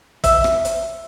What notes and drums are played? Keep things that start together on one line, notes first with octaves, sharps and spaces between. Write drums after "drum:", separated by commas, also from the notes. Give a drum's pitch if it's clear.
E5, drum: kick, hi-hat
drum: rim click
drum: hi-hat